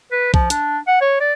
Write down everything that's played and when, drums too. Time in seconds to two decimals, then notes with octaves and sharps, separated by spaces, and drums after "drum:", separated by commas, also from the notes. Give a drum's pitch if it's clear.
0.12 B4
0.34 F3, drum: kick B1
0.50 D4, drum: hi-hat
0.87 F#5
1.01 C#5
1.20 D5